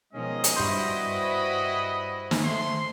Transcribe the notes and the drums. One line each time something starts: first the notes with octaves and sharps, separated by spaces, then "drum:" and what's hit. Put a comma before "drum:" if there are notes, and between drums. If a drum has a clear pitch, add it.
B2 D#3 F3 G#3 C#4 D#5
drum: hi-hat
G2 G3 E4 F#4 B4 C5 B5
drum: snare
A3 C6